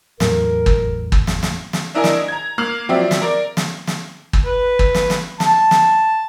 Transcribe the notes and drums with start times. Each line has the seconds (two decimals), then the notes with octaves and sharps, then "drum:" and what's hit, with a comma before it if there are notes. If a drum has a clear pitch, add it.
0.20 E2 A2 F#3 A#4, drum: snare
0.66 drum: kick
1.12 drum: kick
1.27 drum: snare
1.43 drum: snare
1.73 drum: snare
1.94 D4 E4 A#4 D#5 G#5
2.04 drum: snare
2.28 A#5 G#6
2.58 A#3 F6 C7 F#7
2.89 F3 F#3 C4 D5 E5
3.11 drum: snare
3.21 A#4 D5
3.57 drum: snare
3.87 drum: snare
4.33 drum: kick
4.45 B4
4.79 drum: kick
4.95 drum: snare
5.10 drum: snare
5.40 A5, drum: snare
5.71 drum: snare